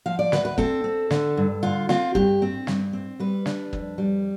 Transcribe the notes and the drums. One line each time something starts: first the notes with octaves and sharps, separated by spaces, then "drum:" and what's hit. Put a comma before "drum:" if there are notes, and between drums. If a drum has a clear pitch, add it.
F3 F5
D5
D2 B4, drum: snare
B4
C4 A4, drum: kick
C4
D3, drum: snare
G2
D3 F4
C4 F4, drum: snare
G2 G4, drum: kick
C4
G2, drum: snare
C4
G3 B4
D4, drum: snare
F2, drum: kick
G3